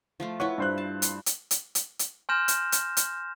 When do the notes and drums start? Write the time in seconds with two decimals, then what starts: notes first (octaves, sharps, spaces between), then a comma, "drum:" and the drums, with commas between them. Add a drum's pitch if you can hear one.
0.20 F3 A3 F4
0.40 E4 F4 B4 C#5 F#5 C#6
0.58 G2 C5 F#6
0.78 A5
1.02 drum: hi-hat
1.26 drum: hi-hat
1.51 drum: hi-hat
1.75 drum: hi-hat
1.99 drum: hi-hat
2.29 G#5 C6 F6 G6 A#6 E7
2.48 drum: hi-hat
2.72 drum: hi-hat
2.97 drum: hi-hat